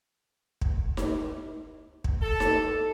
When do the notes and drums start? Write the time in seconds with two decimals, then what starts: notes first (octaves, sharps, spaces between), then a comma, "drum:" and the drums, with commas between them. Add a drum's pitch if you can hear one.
0.61 drum: kick
0.97 drum: snare D#4
2.04 drum: kick
2.22 A4
2.40 drum: snare D#4